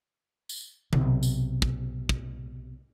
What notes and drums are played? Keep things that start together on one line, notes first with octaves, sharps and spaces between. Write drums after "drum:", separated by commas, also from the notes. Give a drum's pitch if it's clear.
drum: tambourine
B1 C3, drum: tom D3
drum: tambourine
drum: kick
drum: kick